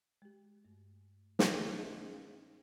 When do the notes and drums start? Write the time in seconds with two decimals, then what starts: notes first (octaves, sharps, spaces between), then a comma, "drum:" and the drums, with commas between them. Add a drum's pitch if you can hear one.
0.22 G#3 G4
0.65 G2 A3
1.39 drum: snare
1.53 D#3 E3 B3
1.75 C#4 D#4 F4 B4 D#5 E5
2.01 C#4 D#4 G#4